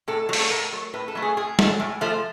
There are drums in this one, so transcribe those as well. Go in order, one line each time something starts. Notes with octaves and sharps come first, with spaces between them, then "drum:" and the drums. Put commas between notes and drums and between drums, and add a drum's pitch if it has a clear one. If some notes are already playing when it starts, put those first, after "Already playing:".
A2 A4
F#3
A3, drum: open hi-hat
A4
A2 A#4
F#3 A3
A2 B4
A4
F#3 A3
G#4
A2 G#4
F#3 A3, drum: snare
A2
F3 A3